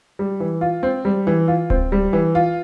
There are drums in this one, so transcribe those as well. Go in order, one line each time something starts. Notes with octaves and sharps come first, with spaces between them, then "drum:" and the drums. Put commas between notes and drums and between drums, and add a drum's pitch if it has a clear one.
G3
E3
F4
C4
G3
E3
F4
C4, drum: kick D1
G3
E3
F4